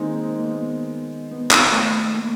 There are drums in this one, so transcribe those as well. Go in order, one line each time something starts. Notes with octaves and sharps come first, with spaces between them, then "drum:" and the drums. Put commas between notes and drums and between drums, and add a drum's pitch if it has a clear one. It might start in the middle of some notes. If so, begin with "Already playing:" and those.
Already playing: D#3 G#3 A#3 C4 D#4
A#3
B3
B3
drum: clap
A3
A#3